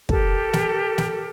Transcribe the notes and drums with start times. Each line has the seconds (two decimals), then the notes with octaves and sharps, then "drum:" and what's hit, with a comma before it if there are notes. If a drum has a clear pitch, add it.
0.09 G4 A4 A#4, drum: kick
0.53 drum: snare
0.98 drum: snare